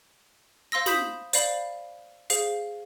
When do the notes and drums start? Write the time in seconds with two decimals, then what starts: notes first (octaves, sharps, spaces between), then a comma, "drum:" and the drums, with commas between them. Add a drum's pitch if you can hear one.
0.72 C5 F5 C6 E6 A#6
0.86 B5 D#6 G6 B6 E7 F#7, drum: snare
1.33 C5 D5 F5 B5, drum: hi-hat
2.30 G#4 C5 F5, drum: hi-hat